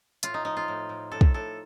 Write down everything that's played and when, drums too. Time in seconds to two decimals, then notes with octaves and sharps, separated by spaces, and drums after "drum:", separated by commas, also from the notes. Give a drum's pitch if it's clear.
0.23 A2 F4, drum: hi-hat
0.34 D#4
0.45 F3 D#4
0.57 F4
0.68 A2
0.89 A2
1.12 A2 A4
1.21 drum: kick
1.34 A2 A4